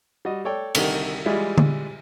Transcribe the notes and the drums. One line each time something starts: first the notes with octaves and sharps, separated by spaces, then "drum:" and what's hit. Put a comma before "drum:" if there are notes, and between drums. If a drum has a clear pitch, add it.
G3 F#4 D#5
A4 C#5 D5 G5
C2 D3 D#3 G4, drum: cymbal
E3 G3 G#3 F4 E5
drum: tom D3